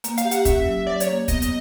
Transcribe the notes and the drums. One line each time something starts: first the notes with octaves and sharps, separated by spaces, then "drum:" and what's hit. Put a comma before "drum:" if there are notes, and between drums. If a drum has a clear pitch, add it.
A#3, drum: hi-hat
F5, drum: hi-hat
G4
F#5, drum: hi-hat
C#4 E5, drum: kick, hi-hat
F#3
F#3 D5
C#5, drum: hi-hat
A#3
B3 D#5, drum: kick, hi-hat
drum: hi-hat